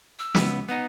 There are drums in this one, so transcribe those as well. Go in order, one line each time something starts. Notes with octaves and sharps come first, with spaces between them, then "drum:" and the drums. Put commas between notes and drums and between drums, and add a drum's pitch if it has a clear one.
E6
C#2 B3, drum: snare
B3 D#4 F#5